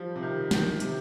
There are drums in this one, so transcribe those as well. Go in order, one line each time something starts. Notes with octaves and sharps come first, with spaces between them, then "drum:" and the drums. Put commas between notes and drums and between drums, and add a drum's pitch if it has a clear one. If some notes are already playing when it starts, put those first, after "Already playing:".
Already playing: F3 G3
C3
D#3
D#3, drum: snare
C3, drum: hi-hat